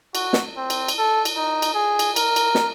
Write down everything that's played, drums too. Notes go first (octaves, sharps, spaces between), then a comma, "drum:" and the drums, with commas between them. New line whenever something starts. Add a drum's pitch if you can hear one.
F#4, drum: cymbal
drum: snare
C4
drum: cymbal
drum: cymbal
A4
drum: cymbal
D#4
drum: cymbal
G#4
drum: cymbal
A#4, drum: cymbal
drum: cymbal
drum: snare